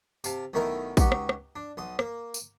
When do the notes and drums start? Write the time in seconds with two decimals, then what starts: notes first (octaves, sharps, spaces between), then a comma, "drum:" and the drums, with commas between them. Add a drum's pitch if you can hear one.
0.24 C3 F5 A5, drum: tambourine
0.54 B1 D#3 A3 E4 A#4 G5
0.97 C#2 D#4 F#4 G4, drum: kick, tambourine
1.12 drum: rim click
1.29 drum: rim click
1.56 D4
1.77 B1 C6 D#6
1.99 A#3, drum: rim click
2.34 drum: tambourine